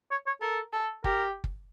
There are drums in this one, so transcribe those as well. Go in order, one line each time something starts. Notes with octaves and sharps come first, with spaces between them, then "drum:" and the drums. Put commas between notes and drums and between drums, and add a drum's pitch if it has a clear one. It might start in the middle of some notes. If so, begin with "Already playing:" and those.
C#5
C#5
A4 A#4
A4
G4 A#4, drum: kick
drum: kick